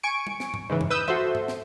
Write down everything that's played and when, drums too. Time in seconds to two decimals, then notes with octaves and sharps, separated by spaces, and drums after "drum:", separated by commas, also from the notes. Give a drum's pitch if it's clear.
0.03 G#5 C#6 D7
0.27 drum: tom
0.40 drum: snare
0.54 drum: tom G#2
0.70 G#2 C#3 E3
0.81 drum: tom F2
0.90 B4 D#6 E6 G6
1.08 F#4 A4 C5 E5, drum: tom E3
1.35 drum: tom G#2
1.48 drum: snare